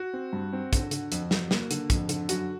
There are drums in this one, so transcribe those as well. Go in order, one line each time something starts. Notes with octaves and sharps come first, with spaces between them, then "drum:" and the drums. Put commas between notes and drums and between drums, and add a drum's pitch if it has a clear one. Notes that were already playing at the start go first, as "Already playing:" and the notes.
Already playing: F#4
C4
G2
C4
D3, drum: kick, hi-hat
D3, drum: hi-hat
F2, drum: hi-hat
F#3, drum: snare
A#3, drum: snare
D3, drum: hi-hat
F2, drum: kick, hi-hat
D3, drum: hi-hat
F#2 F#4, drum: hi-hat